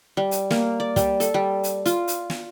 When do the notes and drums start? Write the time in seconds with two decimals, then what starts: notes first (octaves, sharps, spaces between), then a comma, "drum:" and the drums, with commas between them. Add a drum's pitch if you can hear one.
0.17 G3
0.31 drum: hi-hat
0.51 A#3, drum: snare
0.80 D5
0.96 G3, drum: kick, hi-hat
1.20 A4, drum: hi-hat
1.34 G3
1.64 drum: hi-hat
1.86 F4, drum: hi-hat
2.08 drum: hi-hat
2.30 drum: snare